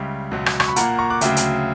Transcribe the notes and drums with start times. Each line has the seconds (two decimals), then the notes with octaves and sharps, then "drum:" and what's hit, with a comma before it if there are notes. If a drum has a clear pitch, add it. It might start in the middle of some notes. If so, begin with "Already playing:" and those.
Already playing: C#2 C#3 G3 E5 G5
0.31 C#2 B2 F#3
0.46 drum: rim click
0.60 C#6, drum: rim click
0.68 B5
0.76 A#2 A#3 F#5 A#5, drum: hi-hat
0.99 A#5 C#6
1.10 D6 F#6
1.21 D2 C#3 F#3 E5 G5, drum: hi-hat
1.37 drum: hi-hat